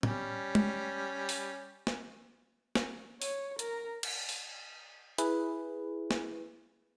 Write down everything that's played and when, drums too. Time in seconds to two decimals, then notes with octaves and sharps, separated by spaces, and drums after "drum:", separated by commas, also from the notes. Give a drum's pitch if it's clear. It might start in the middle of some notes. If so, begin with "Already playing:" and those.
0.03 G3 C#4, drum: tom A2
0.55 drum: tom
1.29 drum: open hi-hat
1.87 drum: snare
2.75 drum: snare
3.22 C#5, drum: open hi-hat
3.59 A#4 A#5, drum: hi-hat
4.03 drum: cymbal
4.29 drum: open hi-hat
5.18 E4 G#4 B4, drum: hi-hat
6.11 drum: snare